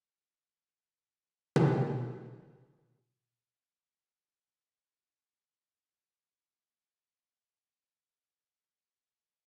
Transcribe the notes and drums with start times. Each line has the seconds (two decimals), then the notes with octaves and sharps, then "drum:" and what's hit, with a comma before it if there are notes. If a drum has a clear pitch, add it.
0.24 E2 C#3 F#4 D5
1.56 drum: tom B2
3.48 A#3
3.64 F4
3.83 D#6
4.02 G#5
4.17 D4
4.38 C#4
4.53 A#4
4.85 F6
5.06 A#3
5.21 D4
5.39 C6
5.54 A#5
7.59 F#5
7.84 D#4
8.14 A#4
8.56 D#4
8.74 A#4
9.05 A#5
9.17 A5
9.30 E4